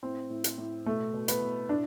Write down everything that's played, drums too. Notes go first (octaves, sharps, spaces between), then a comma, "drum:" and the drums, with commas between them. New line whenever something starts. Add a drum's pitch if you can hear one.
A2 C4
A2
drum: hi-hat
A2
B2 A3
B2
B3, drum: hi-hat
B2
A2 D4